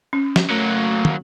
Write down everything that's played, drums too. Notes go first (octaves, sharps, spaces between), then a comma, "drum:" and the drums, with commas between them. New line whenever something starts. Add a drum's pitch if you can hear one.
C#4
drum: snare
F#3 A3 A#3
drum: tom